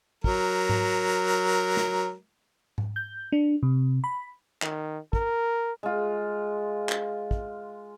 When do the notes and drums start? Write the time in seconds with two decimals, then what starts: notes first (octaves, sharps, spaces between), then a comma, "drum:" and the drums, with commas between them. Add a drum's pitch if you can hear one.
0.24 F#3 A#4, drum: kick
0.69 drum: tom G#2
1.77 drum: snare
2.78 drum: tom G#2
2.96 G6
3.32 D4
3.63 C3
4.04 B5
4.62 D#3, drum: clap
5.13 A#4, drum: kick
5.83 G#3 F4
6.89 drum: clap
7.31 drum: kick